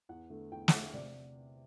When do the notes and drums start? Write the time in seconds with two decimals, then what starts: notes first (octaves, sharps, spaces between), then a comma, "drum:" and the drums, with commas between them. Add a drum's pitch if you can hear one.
0.09 E2 F#5
0.30 D3 A3
0.51 E2 G5
0.68 E5, drum: snare
0.72 D3 A3 F#5
0.93 C3 D5